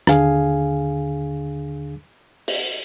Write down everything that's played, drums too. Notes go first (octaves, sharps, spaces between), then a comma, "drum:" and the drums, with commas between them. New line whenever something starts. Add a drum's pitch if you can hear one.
D#2 D3 D4 G#4 F5 G#5, drum: rim click
drum: open hi-hat